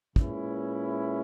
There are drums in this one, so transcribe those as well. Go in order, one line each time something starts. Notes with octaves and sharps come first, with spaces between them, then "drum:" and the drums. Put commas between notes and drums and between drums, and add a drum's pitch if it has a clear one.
A#2 G#3 C#4 E4 B4, drum: kick